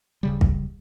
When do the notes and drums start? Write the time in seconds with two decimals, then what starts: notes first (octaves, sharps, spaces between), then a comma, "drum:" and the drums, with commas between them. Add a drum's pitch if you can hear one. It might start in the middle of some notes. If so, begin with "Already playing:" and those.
0.23 D#1 C#3 G3
0.41 drum: kick